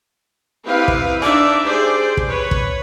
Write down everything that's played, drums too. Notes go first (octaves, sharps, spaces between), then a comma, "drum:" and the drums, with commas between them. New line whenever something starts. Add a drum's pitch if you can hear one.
C4 D#4 E4 G4 B4 F5
drum: kick
D4 D#4 D5 E5, drum: rim click
G4 G#4 C5 D5
drum: kick
B4 C#5
drum: kick